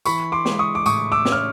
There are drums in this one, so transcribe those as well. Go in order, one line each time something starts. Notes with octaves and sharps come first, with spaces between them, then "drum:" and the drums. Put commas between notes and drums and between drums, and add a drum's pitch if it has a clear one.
E3 B5 C#6, drum: tambourine
C6 D6
G#3, drum: snare
C#6 D#6
D6
A2 C#6 D#6, drum: tambourine
D6 E6
C#4, drum: snare
F6